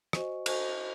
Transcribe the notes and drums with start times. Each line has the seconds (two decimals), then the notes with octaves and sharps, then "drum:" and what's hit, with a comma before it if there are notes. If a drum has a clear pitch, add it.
0.13 F#4 C5 D#5 G#5 C#6, drum: rim click
0.46 F#4 C5 D#5 G#5 C#6, drum: cymbal